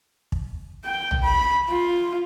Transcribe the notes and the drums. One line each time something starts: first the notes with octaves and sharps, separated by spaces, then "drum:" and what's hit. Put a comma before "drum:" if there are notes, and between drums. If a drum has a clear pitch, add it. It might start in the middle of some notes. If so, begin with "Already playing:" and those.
drum: kick
G5
drum: tom A#1
B5
F4